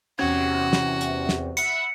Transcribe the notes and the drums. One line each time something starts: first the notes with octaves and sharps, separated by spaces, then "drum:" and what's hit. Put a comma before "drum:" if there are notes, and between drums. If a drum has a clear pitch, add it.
E2 C3 C#4 F#4 G#6
drum: snare
drum: hi-hat
drum: snare
E5 F#5 B5 C#7, drum: hi-hat